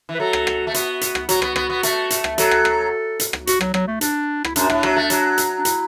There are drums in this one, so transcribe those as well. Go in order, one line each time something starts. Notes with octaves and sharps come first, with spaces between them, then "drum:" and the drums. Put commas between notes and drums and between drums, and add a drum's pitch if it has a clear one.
E3
B4
F#3 A4
drum: rim click
drum: rim click
A3
B3 F#4, drum: hi-hat
drum: hi-hat
drum: rim click
F#3 F#4, drum: hi-hat
B3, drum: rim click
B3, drum: rim click
B3
A3, drum: hi-hat
drum: hi-hat
drum: rim click
F#3 A4, drum: hi-hat
drum: rim click
drum: rim click
drum: hi-hat
drum: rim click
F#4, drum: hi-hat
F#3, drum: rim click
F#3, drum: rim click
A3
D4, drum: hi-hat
E4, drum: rim click
F#2 D4, drum: hi-hat
A2, drum: rim click
F#3, drum: rim click
A3
F#3, drum: hi-hat
drum: hi-hat
D4
E4, drum: hi-hat